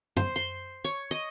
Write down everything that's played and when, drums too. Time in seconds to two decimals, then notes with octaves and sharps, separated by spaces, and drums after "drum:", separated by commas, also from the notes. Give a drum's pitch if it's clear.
0.17 C5, drum: tom F#2
0.36 C6
0.84 C#5
1.11 D#5